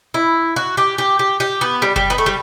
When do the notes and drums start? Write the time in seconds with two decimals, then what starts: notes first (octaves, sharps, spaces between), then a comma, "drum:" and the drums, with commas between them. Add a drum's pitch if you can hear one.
0.14 E4
0.56 F#4
0.77 G4
0.98 G4
1.19 G4
1.40 G4
1.61 B3
1.82 G3
1.96 G3, drum: kick F#1
2.10 B3
2.18 A3
2.26 G3